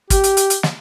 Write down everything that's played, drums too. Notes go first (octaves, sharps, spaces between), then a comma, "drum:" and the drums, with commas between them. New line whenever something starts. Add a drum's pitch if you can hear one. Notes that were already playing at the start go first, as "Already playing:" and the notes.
G4, drum: kick, hi-hat
drum: hi-hat
drum: hi-hat
drum: hi-hat
drum: snare